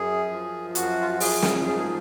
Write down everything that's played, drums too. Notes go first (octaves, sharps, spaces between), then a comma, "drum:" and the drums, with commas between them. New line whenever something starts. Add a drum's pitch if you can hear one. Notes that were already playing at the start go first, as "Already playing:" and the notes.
Already playing: F#2 G#4
F3
F#2 F#4, drum: hi-hat
F4
F#4
F3 G#4, drum: open hi-hat
drum: snare
G#2 G#4
G#4